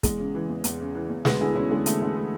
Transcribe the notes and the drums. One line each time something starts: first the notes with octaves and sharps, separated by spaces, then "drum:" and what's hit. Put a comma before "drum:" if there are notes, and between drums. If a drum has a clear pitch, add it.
E2 G#3, drum: kick, hi-hat
C#3
E3
E2
E2, drum: hi-hat
C#3
E3
E2
D2 G#3 B3, drum: snare
D3 E4 G#4
D2 C#4 E4
D3 G#3
D2 A3, drum: hi-hat
D3 A3
A3